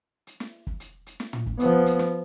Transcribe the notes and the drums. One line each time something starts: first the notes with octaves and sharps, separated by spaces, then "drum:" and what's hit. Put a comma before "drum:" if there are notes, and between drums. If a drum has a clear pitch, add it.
drum: hi-hat
drum: snare
drum: kick
drum: hi-hat
drum: hi-hat
drum: snare
drum: tom
drum: kick
F3 B3, drum: hi-hat
drum: hi-hat
drum: snare